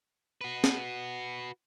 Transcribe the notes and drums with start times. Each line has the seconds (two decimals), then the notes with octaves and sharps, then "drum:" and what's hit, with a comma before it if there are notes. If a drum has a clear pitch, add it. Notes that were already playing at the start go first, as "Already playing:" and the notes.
0.41 F#4 B4
0.64 drum: snare